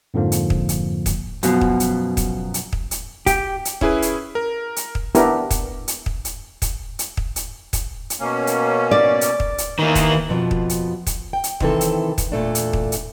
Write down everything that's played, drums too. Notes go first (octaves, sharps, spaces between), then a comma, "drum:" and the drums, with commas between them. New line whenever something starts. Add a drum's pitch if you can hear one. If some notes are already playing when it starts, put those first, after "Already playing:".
F2 G#2 D3 F3 A#3
drum: hi-hat
drum: kick
drum: hi-hat
drum: kick, hi-hat
F#2 B2 F3, drum: hi-hat
drum: kick
drum: hi-hat
drum: kick, hi-hat
drum: hi-hat
drum: kick
drum: hi-hat
G4, drum: kick, hi-hat
drum: hi-hat
C#4 E4 G#4 B4, drum: kick
drum: hi-hat
A#4
drum: hi-hat
drum: kick
B3 D4 E4 G4 A#4, drum: hi-hat
drum: kick, hi-hat
drum: hi-hat
drum: kick
drum: hi-hat
drum: kick, hi-hat
drum: hi-hat
drum: kick
drum: hi-hat
drum: kick, hi-hat
drum: hi-hat
B2 A#3 C#4
drum: hi-hat
D5
drum: hi-hat
drum: kick
drum: hi-hat
D#3 E3 A#3
drum: kick, hi-hat
F2 B2 F3
drum: kick
drum: hi-hat
drum: kick, hi-hat
G5
drum: hi-hat
C3 D#3 E3 C4 A4, drum: kick
drum: hi-hat
drum: kick, hi-hat
E2 A#2 A3 D4
drum: hi-hat
drum: kick
drum: hi-hat